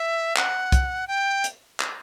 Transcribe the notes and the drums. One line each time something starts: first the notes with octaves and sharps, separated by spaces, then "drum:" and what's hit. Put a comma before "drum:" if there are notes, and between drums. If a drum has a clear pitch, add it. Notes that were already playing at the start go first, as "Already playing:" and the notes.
Already playing: E5
F#5, drum: clap
drum: kick C2, hi-hat
G5
drum: hi-hat
drum: clap